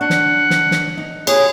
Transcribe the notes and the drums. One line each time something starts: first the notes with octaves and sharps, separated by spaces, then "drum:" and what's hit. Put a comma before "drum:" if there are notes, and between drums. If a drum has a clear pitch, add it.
D4 F#5
drum: snare
drum: snare
drum: snare
D#4
G4 G#4 C#5, drum: cymbal